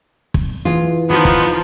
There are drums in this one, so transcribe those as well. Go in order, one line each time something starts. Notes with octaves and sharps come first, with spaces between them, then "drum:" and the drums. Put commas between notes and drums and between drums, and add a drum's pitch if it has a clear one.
drum: kick
E3 F4 G#4
D#3 F3 B3 D#4
drum: kick